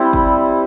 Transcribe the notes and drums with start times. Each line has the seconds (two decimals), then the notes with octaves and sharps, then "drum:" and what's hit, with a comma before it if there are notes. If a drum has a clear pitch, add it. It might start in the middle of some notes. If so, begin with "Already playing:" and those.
Already playing: G3 C4 E4
0.13 drum: kick G1